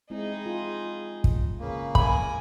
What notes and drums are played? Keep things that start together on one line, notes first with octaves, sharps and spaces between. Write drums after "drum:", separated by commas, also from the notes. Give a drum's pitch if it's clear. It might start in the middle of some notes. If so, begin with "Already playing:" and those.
G#3 C4 D#4 E4 G#4
F4
drum: kick
C#3 A#3 B4
A#4 G#5 B5, drum: kick